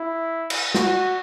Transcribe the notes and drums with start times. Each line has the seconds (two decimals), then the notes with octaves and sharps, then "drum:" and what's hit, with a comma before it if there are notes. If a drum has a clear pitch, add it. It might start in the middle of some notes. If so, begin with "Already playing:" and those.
Already playing: E4
0.50 drum: cymbal
0.75 F#4, drum: snare